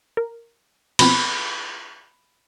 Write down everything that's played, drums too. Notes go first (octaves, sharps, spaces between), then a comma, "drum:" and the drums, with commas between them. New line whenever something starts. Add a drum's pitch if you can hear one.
A#4
B2 F3 C4 B5, drum: cymbal